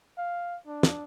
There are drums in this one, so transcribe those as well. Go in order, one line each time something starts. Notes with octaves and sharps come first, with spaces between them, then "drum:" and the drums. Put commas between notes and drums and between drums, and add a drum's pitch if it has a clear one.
F5
D4
drum: snare